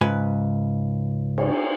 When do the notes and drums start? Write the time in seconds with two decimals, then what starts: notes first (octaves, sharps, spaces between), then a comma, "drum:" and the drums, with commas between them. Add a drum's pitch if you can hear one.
0.01 C#2 G#2 B4 G#5
1.38 drum: cymbal